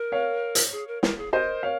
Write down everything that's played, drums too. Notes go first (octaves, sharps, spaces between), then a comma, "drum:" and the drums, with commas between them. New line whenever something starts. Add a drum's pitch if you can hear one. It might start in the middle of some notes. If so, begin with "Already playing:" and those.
Already playing: A#4
C#5 F5
drum: hi-hat
G#4
A#4
A#4, drum: snare
G#4
A#4 C5 D#5
C#5 F5